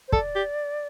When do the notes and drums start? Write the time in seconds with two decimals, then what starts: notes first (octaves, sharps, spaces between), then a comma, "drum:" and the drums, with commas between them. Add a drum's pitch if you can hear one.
0.08 C5
0.12 A4 D5, drum: kick
0.36 G4